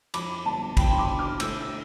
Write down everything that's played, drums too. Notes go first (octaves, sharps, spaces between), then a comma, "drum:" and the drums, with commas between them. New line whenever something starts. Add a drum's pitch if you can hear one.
F2 B5 D6, drum: cymbal
G1 A5
D3 G5 B5, drum: kick, cymbal
C6
B5 D6
D3
D6 F6
A3 E6 G6, drum: cymbal
E6